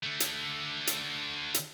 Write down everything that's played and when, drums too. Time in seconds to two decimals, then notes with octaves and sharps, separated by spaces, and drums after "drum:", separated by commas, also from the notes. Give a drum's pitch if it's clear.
0.03 D3 A3
0.20 drum: hi-hat
0.87 drum: hi-hat
1.54 drum: hi-hat